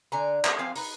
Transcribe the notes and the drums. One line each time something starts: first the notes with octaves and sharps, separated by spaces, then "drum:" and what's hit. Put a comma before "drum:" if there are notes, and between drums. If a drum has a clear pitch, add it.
D3 G#5 A#5
A3 A4, drum: clap
F3 C4 F5 G#5
D#4 B4, drum: open hi-hat